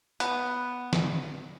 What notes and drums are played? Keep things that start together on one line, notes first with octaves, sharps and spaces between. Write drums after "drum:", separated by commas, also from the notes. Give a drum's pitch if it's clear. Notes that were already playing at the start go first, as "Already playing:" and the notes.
B3, drum: hi-hat
drum: snare